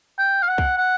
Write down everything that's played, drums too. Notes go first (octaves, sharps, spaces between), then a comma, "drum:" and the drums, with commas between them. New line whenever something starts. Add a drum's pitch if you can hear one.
G5
F5
F#5
drum: kick C2
F#5